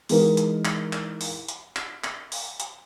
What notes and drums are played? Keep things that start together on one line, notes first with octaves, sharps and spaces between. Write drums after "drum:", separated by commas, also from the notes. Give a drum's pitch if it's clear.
E3 G#3 D#4 A#4, drum: open hi-hat
drum: hi-hat
drum: clap
drum: clap
drum: open hi-hat
drum: hi-hat
drum: clap
drum: clap
drum: open hi-hat
drum: hi-hat